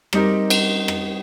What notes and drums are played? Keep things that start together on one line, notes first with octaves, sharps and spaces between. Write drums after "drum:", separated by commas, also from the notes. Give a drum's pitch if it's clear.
G3 C4 D#4 G4 A#4, drum: rim click
drum: cymbal
drum: rim click